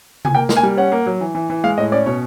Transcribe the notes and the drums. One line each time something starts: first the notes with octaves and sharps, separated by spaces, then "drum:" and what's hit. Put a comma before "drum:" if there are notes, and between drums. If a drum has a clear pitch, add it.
G#5, drum: tom C3
A#3 G5
A#3, drum: snare
G#5
G3
C#4 F#5
A#3
F#3
E3
E3
E3
G#3 F5
A2 D#5
C#4 D5
B2 C#5